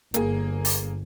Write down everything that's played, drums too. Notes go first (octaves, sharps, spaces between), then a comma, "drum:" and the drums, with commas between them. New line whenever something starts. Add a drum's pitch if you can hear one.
G1 A#3 G#4, drum: hi-hat
drum: open hi-hat